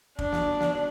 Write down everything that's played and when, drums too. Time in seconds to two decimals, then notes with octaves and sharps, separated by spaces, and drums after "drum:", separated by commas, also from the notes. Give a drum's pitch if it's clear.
0.19 D4, drum: kick
0.32 drum: snare
0.60 drum: snare